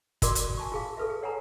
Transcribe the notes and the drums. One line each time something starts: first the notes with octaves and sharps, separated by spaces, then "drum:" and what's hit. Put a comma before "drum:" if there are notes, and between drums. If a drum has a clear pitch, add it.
F4 F#4 A#4 D5 C6 D6, drum: kick, hi-hat
drum: hi-hat
G#5 A5 C#6
F4 G#4 F5
A4 B4 E5
G#4
C#5 F#5 G#5 A#5